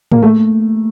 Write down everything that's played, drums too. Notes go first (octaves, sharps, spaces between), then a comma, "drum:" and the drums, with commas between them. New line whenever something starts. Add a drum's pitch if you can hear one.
A#3, drum: tom A2
A3